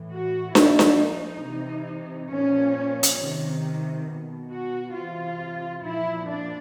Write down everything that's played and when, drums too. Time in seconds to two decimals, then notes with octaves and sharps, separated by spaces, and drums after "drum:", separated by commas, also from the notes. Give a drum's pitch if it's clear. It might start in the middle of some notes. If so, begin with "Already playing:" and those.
Already playing: A2 E3
0.12 F#4
0.55 A#2 F3 E4, drum: snare D4
0.79 drum: snare D4
0.99 D#4
1.43 C3 E3
2.31 A#2 F3 C#4
3.03 drum: hi-hat
3.20 C3 D#3
4.08 B2
4.52 F#4
4.95 C3 E3 F4
5.83 A#2 F3 E4
6.27 D4